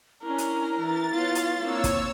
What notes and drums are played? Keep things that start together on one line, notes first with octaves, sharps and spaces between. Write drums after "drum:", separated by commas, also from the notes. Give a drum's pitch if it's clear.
C#4 D4 E4 A#4
drum: hi-hat
E3 A6
B3 F4 C#5
drum: hi-hat
A#3 C4 D4 C#5 E6
drum: kick, hi-hat